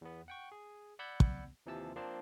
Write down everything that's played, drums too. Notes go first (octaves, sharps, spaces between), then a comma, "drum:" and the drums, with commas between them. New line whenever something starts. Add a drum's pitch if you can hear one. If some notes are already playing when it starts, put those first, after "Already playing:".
E2 B3
F#5 G5 C#6
G#4
D5 F#5 B5 E6 G6 G#6
drum: kick
D#2 C3 E3 F3 A5 E6
F3 A#3 C4 D4 C5 A5